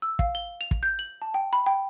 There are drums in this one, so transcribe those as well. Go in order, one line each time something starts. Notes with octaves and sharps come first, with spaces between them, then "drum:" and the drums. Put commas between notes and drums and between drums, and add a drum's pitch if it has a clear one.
E6
F5, drum: kick
G7
F7
drum: kick
G6
F#7
A5
G5
B5
G5